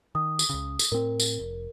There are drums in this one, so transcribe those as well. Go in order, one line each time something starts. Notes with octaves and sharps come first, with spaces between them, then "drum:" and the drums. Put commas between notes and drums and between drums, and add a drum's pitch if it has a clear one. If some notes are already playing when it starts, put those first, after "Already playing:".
D#3 D#6
drum: tambourine
C#2 C#3
drum: tambourine
A2 C4 A#4
drum: tambourine
F1